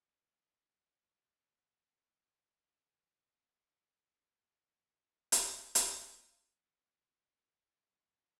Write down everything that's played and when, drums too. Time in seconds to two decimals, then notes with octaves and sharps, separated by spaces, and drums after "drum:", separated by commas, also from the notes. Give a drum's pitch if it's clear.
0.16 B4
0.67 C3 G#4
0.92 A#2 F4 E5
1.25 G3 G#3 C4 E4
1.52 C3
1.89 D3 G3 A#3 B3
2.45 A#2
2.63 A3
2.93 G#5
3.20 C#2
3.34 B5
4.52 F4
5.32 drum: hi-hat
5.75 drum: hi-hat
7.51 E3 G3 A#3 F4 C#5 D#5